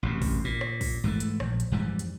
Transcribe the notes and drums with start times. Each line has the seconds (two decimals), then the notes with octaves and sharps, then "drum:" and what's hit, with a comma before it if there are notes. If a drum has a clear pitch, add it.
0.03 A1 F#2 C3
0.22 drum: kick, open hi-hat
0.44 A#2
0.61 drum: rim click
0.81 drum: kick, open hi-hat
1.04 G#2 E3 G3 A3
1.20 drum: hi-hat
1.40 A#1, drum: rim click
1.60 drum: hi-hat
1.72 F2 G#2 E3 G3
1.99 drum: hi-hat